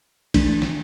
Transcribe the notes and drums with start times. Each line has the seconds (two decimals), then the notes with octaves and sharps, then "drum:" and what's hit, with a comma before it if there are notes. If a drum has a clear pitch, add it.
0.34 E3 A3 D4, drum: kick A#1, cymbal
0.62 drum: snare